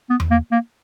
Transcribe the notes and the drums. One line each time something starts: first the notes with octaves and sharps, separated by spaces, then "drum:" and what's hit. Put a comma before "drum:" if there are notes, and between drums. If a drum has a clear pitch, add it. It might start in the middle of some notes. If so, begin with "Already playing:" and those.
B3
drum: tom E2
A#3
A#3